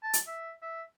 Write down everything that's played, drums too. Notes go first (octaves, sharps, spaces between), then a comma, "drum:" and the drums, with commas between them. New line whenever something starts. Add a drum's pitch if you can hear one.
A5
drum: hi-hat
E5
E5